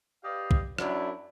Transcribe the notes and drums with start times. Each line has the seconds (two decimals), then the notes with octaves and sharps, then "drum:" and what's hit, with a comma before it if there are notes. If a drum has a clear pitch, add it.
0.24 G4 B4 D5 D#5 F5
0.51 drum: kick B1
0.78 F#2 D4 E4, drum: rim click